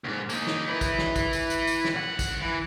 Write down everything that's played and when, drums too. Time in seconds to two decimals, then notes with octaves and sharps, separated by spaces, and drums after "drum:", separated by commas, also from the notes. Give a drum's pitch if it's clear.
0.04 C#2 G#2
0.30 A#3 D#4, drum: tambourine
0.47 drum: snare
0.68 E4 B4
0.81 drum: kick, tambourine
0.98 drum: snare
1.16 drum: kick, tambourine
1.33 drum: tambourine
1.50 drum: tambourine
1.67 drum: tambourine
1.85 drum: snare
1.95 C2 F#5
2.19 drum: kick, tambourine
2.41 E3